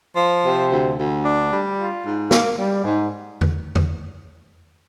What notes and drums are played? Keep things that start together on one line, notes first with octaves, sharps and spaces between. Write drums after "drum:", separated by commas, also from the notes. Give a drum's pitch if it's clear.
F3
C3
D2
D2
D4
G3
F4
G#2
A#3, drum: snare
G3
G#2
drum: tom E2
drum: tom E2